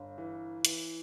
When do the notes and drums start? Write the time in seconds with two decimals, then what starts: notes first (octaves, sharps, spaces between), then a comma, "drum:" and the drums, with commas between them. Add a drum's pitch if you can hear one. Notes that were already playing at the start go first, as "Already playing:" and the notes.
Already playing: G1
0.18 E3
0.65 E3, drum: hi-hat